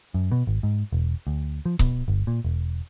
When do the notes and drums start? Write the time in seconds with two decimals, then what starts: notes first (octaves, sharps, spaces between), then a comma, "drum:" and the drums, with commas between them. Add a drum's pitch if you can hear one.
0.14 F#2
0.32 B2
0.47 G#1
0.63 G#2
0.92 E1
1.27 D2
1.65 F3
1.79 B2, drum: kick C#1
2.08 G1
2.27 A#2
2.44 E1